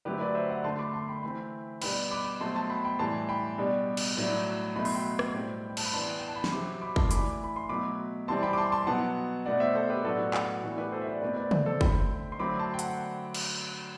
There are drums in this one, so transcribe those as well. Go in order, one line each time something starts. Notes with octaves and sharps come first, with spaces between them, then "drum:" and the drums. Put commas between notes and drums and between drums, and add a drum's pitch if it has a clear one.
D3 F#3 A3 C4 G4 B4
B4 D5
C5 E5
D5 F#5
D3 A3 D4 A5 C6
B5 D6
A5 C6
G5 B5
E3 A3 C4 G5 B5
B2 G3 B3 D4 G5 B5, drum: cymbal
B5 D6
B2 F#3 A3 C4 A5 C6
A5 C6
G5 B5
G5 B5
A2 E3 G3 A5 C6
G5 B5
B2 G3 D4
drum: cymbal
A2 F#3 A3 D4
B2 F#3 A3 B5
C6, drum: open hi-hat
G5 B5
drum: rim click
A2 G3 C4
G5
A5, drum: cymbal
B5
E3 B3 D4 A5 C6
G5
A5
B5
C6, drum: snare
C3 F#3 C4 B5 D6
B5 D6
A5 C6, drum: kick
E3 A3 D4 B5 D6, drum: hi-hat
B5
C6
B2 F#3 A3 B5 D6
C3 E3 G3 C4 A5 C6
G5 B5
D6
A5 C6
A5 C6
B2 F#3 B3 F#5 A5
B2 A3 D4 D5 F#5
C5 E5
A4 C5
G4 B4
A2 F#3 B3 D4 F#4 A4
F#4, drum: clap
A2 E3 B3 D4 F#4 A4
G4 B4
A4 C5
E5
B4 D5
B2 A3 C4 B4 D5
B4 D5
B4 D5, drum: tom
A4 C5
D3 A3 C4 G5 B5, drum: kick
C6
D3 F#3 A3 C4 B5 D6
A5 C6
G5
F#5 A5, drum: hi-hat
drum: cymbal